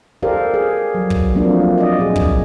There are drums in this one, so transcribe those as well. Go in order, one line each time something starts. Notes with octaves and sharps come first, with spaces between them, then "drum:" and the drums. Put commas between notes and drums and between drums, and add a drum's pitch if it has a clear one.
G4 A4 A#4 C5 D5 F5
G#4
F#3
drum: kick
F3 F#3 A3 A#3 C4 D4
D5 D#5
A#2 D4 G#4
drum: kick